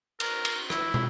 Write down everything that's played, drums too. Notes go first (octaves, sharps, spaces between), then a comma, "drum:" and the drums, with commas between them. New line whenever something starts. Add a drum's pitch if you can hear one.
A#4, drum: cymbal
drum: cymbal
E4, drum: rim click
drum: tom